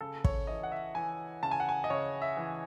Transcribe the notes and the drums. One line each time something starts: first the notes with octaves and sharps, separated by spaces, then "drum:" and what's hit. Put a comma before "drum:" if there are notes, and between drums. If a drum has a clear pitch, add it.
C#3 A4
C#5, drum: kick
E3 D#5
F#5
E5
E3 G#5
C#3 A5
G#5
F#5
G#5
D#5
C#3 C#5
E5
E3